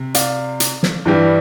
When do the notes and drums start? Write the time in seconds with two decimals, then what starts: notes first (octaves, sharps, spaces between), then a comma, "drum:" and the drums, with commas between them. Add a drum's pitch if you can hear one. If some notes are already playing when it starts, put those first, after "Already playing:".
Already playing: C3
0.14 D5 F5, drum: hi-hat
0.60 drum: hi-hat
0.83 drum: snare
1.06 G2 E3 G3